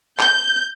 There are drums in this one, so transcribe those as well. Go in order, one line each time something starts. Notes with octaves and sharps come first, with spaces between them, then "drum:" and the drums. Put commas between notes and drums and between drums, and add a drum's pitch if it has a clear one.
G6, drum: clap